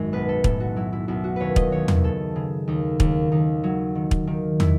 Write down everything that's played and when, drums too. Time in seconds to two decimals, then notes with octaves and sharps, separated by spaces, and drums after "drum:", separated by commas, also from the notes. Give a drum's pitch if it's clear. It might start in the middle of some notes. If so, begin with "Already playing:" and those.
Already playing: G#1 F#2 D#3
0.13 B1 B4
0.29 A4
0.44 A2 A4, drum: kick
0.60 F#4
0.76 F#3 E4
0.93 E4
1.08 B1 E4
1.24 F#4
1.36 D#2 B4 C#5
1.56 D#5, drum: kick
1.72 D#2 C#5
1.88 drum: tom
2.04 C#3 A4
2.36 C#3
2.67 D#2 D#4
3.00 D#2, drum: kick
3.32 D#2 D#4
3.64 F#3
3.95 D#3
4.11 drum: kick
4.27 D#3
4.60 E4, drum: tom